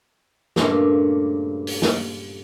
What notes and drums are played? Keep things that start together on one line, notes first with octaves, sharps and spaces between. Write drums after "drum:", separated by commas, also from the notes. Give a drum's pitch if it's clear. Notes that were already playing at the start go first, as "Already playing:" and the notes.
G2 A#2 C#3 A3 D4 F5, drum: snare
drum: open hi-hat
drum: snare